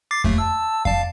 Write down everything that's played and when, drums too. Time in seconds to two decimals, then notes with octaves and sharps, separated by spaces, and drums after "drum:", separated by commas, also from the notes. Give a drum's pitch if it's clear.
0.11 D6 A6 C7
0.24 D#2 A3, drum: kick F2
0.38 A5 E6
0.85 D5 F5 A5, drum: kick F2